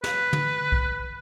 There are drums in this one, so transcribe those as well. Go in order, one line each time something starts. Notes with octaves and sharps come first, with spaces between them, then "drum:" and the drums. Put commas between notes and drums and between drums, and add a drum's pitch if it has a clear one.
B4, drum: snare
drum: tom
drum: kick B1